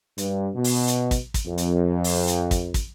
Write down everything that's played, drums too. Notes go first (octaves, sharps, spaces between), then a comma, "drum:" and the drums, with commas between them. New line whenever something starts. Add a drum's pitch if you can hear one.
G2, drum: hi-hat
B2
drum: open hi-hat
drum: hi-hat
drum: kick, hi-hat
drum: kick, hi-hat
F2
drum: hi-hat
drum: open hi-hat
drum: hi-hat
drum: kick, hi-hat
drum: kick, hi-hat